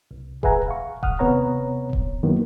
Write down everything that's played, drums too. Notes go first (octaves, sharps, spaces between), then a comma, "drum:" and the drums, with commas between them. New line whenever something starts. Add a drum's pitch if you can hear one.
C2
G#4 B4 E5 F#5 G#5 A#5, drum: kick D#1
F5 C#6
F#5 D#6 F6, drum: kick D#1
D#2 C3 B3 C#5 A#5
drum: kick D#1
F#2 D#3 E3 F#3 A#3 B3